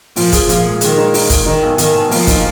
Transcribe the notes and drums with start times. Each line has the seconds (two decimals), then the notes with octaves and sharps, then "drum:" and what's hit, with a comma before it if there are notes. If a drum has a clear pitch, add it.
0.16 A#2 F3, drum: open hi-hat
0.33 G#4, drum: kick, hi-hat
0.49 A#2 F3, drum: hi-hat
0.65 G#3
0.81 D#3 G#3, drum: hi-hat
0.98 D#4
1.14 D#4, drum: open hi-hat
1.30 G#4, drum: kick, hi-hat
1.46 D#3 D#4
1.63 B1
1.78 B1 D#3, drum: hi-hat
1.95 B2
2.11 F3 A#3, drum: open hi-hat
2.27 D#4, drum: kick, hi-hat